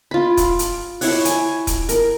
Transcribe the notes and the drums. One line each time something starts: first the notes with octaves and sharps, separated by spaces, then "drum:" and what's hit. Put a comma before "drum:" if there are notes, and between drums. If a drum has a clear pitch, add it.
F4 B5
drum: kick D#1, hi-hat
drum: hi-hat
E4 C#5 F#5, drum: open hi-hat
G#5, drum: hi-hat
drum: kick D#1, hi-hat
A#4, drum: hi-hat